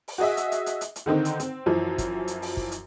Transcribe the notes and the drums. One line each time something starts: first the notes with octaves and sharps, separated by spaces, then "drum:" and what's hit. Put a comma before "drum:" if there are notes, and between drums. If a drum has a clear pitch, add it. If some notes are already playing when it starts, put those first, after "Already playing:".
drum: open hi-hat
F#4 G#4 D#5 E5
drum: hi-hat
drum: hi-hat
drum: hi-hat
drum: hi-hat
drum: hi-hat
D3 D#3 C4 D#4
drum: hi-hat
C4, drum: hi-hat
F#2 E3 F3
drum: kick, hi-hat
drum: hi-hat
drum: open hi-hat
drum: kick
drum: hi-hat